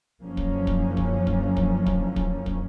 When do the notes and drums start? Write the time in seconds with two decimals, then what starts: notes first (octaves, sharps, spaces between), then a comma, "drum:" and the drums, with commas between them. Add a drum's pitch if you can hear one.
0.22 F#1 F#2 D3 F3 A#3 C#4
0.37 drum: kick
0.67 drum: kick
0.97 drum: kick
1.27 drum: kick
1.57 drum: kick
1.86 drum: kick
2.16 drum: kick
2.46 drum: kick